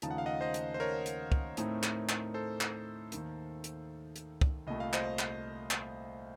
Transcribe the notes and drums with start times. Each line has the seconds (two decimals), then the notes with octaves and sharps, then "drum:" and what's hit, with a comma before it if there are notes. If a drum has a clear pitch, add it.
0.02 D#2 C#3 F3 A3 D#4 A5, drum: hi-hat
0.11 F#5
0.18 F5
0.26 D#5 F#5
0.41 C5 D#5
0.54 drum: hi-hat
0.74 C5
0.80 A#4 C#5
1.06 drum: hi-hat
1.32 drum: kick
1.57 A2 A3 C4 D#4, drum: hi-hat
1.83 drum: clap
2.09 drum: clap
2.34 A4 C5
2.61 drum: clap
3.12 D#2 D#3 A#3, drum: hi-hat
3.64 drum: hi-hat
4.16 drum: hi-hat
4.41 drum: kick
4.67 C2 A#2 A3 D#5
4.80 F5
4.93 C5 D#5, drum: clap
5.19 drum: clap
5.71 drum: clap